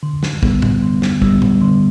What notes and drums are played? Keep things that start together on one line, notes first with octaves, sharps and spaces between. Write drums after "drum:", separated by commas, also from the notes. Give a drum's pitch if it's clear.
D3
drum: snare
G3 B3, drum: kick
drum: tom
D3
drum: snare
G3 B3, drum: kick
drum: tom
D3